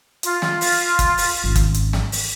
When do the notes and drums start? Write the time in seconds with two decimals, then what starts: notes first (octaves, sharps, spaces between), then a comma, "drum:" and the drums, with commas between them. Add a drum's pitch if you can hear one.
0.23 F4, drum: hi-hat
0.42 drum: snare
0.61 drum: open hi-hat
0.99 drum: kick, hi-hat
1.18 drum: open hi-hat
1.44 G#1 C#4
1.55 drum: kick, hi-hat
1.74 drum: hi-hat
1.93 drum: snare
2.12 drum: open hi-hat